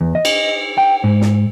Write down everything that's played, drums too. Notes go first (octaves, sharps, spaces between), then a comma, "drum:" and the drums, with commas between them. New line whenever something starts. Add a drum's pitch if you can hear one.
E2
D#5
drum: cymbal
G5
G#2
drum: snare